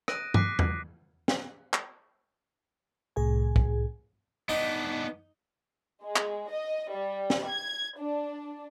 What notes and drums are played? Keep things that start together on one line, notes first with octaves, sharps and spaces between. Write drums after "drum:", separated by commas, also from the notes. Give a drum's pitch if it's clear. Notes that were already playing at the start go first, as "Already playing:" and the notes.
D#6 F#6 A#6 D7 D#7, drum: rim click
D6 F#6 B6 C7, drum: tom G2
drum: tom E2
drum: snare
drum: clap
C2 A2 G#4 G#5
drum: kick
B3 D4 D#4
G#3
drum: clap
D#5
G3
drum: snare
G#6
D4